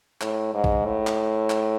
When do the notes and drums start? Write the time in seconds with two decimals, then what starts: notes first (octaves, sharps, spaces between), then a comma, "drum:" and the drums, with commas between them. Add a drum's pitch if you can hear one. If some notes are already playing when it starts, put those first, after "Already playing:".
0.21 A2, drum: clap
0.54 G#2
0.64 drum: kick
0.85 A2
1.07 drum: clap
1.50 drum: clap